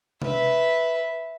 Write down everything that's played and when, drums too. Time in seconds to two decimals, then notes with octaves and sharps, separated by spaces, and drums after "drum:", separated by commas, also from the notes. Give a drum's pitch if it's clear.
0.22 B4 E5, drum: tom C3